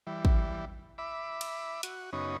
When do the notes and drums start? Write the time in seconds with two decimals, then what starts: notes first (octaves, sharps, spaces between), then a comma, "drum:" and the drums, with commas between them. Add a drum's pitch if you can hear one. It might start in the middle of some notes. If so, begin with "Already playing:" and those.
0.07 E3 G3
0.25 drum: kick
0.98 E5 B5 D6
1.41 drum: cymbal
1.83 F#4, drum: hi-hat
2.13 F#2 C#3 B3 C#4 D#4